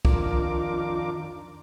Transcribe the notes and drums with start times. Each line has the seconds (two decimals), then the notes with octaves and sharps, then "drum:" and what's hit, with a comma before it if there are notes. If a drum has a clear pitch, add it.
0.05 F2 D#3 D4 F4 A#4 D6, drum: kick